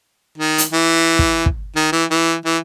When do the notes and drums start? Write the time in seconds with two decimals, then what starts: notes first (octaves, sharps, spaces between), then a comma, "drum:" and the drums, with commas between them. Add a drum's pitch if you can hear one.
0.38 D#3
0.58 drum: hi-hat
0.73 E3
1.19 drum: kick
1.46 drum: kick
1.76 D#3
1.92 E3
2.11 E3
2.45 E3